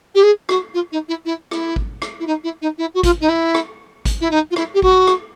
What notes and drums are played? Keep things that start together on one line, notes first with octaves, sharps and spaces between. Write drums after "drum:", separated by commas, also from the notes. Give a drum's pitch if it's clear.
G4
G#4
F#4, drum: rim click
F4
D#4
E4
E4
E4, drum: rim click
drum: kick G#1
drum: rim click
E4
D#4
E4
D#4
E4
F#4
F4, drum: kick G#1, hi-hat
D#4
E4
drum: rim click
drum: kick G#1, hi-hat
E4
D#4
F4
E4, drum: rim click
G4
F#4, drum: kick G#1
drum: rim click